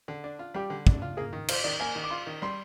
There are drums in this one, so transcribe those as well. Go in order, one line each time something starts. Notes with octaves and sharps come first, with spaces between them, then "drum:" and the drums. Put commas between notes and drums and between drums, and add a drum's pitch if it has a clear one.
D3
D4
F4
G3 G4
D3
D4, drum: kick
F4
A#3 G#4
D#3
F4 C5, drum: cymbal
D#3 D5
A#3 G#5
D#3
D6
F4 C6
D#3
G3 C6